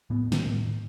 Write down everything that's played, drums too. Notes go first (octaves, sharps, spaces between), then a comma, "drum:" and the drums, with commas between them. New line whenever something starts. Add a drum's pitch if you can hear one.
A2 B3
drum: snare
A2